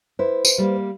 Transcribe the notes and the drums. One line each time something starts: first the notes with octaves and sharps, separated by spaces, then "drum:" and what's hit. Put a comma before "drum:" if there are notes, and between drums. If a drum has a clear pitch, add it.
E4 B4 C5
drum: tambourine
G3 A3 A#3